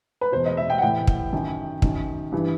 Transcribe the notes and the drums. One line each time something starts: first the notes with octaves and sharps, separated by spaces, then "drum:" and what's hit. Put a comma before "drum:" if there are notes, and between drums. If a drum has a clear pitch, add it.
B4
E2 B2 C5
D#5
E5
G5
F#5
A2 E3 G5
drum: kick
F#2 D#3
F#2 D#3, drum: kick
G2 E3